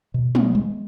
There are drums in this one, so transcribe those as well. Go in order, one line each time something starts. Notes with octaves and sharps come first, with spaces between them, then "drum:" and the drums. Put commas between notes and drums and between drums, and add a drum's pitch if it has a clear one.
B2
B3, drum: tom
G#3